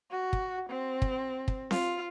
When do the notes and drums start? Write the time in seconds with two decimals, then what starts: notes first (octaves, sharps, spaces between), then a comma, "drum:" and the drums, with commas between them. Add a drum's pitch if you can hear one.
0.11 F#4
0.33 drum: kick
0.70 C4
1.02 drum: kick
1.48 drum: kick
1.71 F4, drum: snare C4